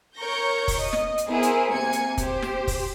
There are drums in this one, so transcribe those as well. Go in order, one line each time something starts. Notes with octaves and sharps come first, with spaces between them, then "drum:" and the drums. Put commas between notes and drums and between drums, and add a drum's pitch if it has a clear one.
A#4 C#5 C#6 G6 A#6
drum: kick, open hi-hat
D#5
drum: snare
drum: hi-hat
B3 E4 G#4 A#4 C5
drum: hi-hat
C3 A#3 G#5 G#6 C#7
drum: hi-hat
G4 C5, drum: kick, hi-hat
drum: snare
drum: kick, open hi-hat